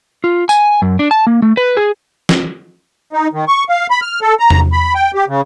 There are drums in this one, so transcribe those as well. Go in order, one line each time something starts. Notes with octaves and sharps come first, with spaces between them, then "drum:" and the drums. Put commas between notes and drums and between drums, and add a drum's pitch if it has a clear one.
F4
G#5, drum: tambourine
F#2
D4
A5
A#3
A3
B4
G#4
drum: snare
D#4
D#3
C#6
F5
B5
F6
A4
A#5
drum: tom E2
B5
G5
G4
C#3